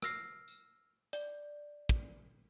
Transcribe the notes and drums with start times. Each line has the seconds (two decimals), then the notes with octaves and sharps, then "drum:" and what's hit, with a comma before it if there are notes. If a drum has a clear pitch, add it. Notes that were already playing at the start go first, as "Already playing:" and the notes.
0.02 E6 F6 A#6 C7, drum: rim click
0.48 drum: tambourine
1.13 D5, drum: hi-hat
1.89 drum: kick